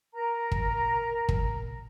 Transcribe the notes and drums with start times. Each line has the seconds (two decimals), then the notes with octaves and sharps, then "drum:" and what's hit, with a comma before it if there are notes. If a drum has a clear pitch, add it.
0.13 A#4 A#5
0.52 drum: kick
1.29 drum: kick